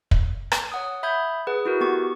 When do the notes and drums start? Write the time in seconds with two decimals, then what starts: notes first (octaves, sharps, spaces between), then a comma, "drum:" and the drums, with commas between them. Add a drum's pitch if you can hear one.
0.11 drum: kick
0.52 drum: rim click
0.72 C#5 F#5 D#6
1.03 E5 B5 D#6 G6 G#6
1.47 G#4 B4 F#5 D#6
1.66 E4 F#4 A#4
1.81 B3 G4 C#6